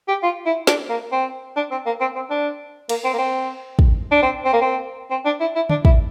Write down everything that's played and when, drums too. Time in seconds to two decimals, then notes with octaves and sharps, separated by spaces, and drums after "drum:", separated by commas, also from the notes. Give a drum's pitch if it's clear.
0.08 G4
0.23 F4
0.46 E4
0.67 D4, drum: snare
0.90 A#3
1.12 C4
1.56 D4
1.71 C4
1.86 A#3
2.01 C4
2.15 C4
2.30 D4
2.89 A#3, drum: cymbal
3.04 C4
3.13 A#3
3.18 C4
3.79 drum: kick
4.12 D4
4.22 C4
4.45 C4
4.53 A#3
4.61 C4
5.11 C4
5.25 D4
5.41 E4
5.55 E4
5.70 D4, drum: tom
5.85 E4, drum: kick